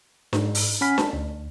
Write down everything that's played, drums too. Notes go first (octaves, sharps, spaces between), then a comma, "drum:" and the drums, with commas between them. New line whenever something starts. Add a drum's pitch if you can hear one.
G#2, drum: snare D4
drum: open hi-hat
C#4 F#5 G#5 B5 F6 B6
A5, drum: snare D4
D2